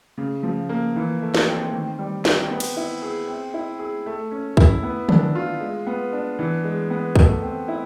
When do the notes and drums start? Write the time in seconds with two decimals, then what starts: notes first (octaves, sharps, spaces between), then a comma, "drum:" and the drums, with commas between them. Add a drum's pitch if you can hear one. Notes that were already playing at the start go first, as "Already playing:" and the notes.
0.18 C#3
0.43 F3
0.69 A#3
0.96 E3
1.22 A3
1.35 drum: snare
1.47 C4
1.73 D#3
1.99 G3
2.25 C4, drum: snare
2.50 B3
2.60 drum: cymbal
2.76 E4
3.02 G#4
3.27 C4
3.54 E4
3.79 G#4
4.06 A3
4.31 C#4
4.57 E4, drum: kick
4.83 B3
5.09 D4, drum: tom D3
5.35 F4
5.60 G#3
5.87 B3
6.12 D4
6.39 E3
6.64 G#3
6.90 B3
7.16 A3, drum: kick
7.42 C4
7.68 E4